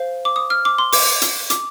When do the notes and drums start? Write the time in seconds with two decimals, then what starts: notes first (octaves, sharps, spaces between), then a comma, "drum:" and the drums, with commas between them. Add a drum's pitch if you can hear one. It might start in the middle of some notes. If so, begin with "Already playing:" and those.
Already playing: C5 F5
0.25 D6
0.36 D#6
0.50 F6
0.65 D6
0.78 C6
0.93 D6, drum: open hi-hat
1.22 drum: hi-hat
1.50 D6, drum: hi-hat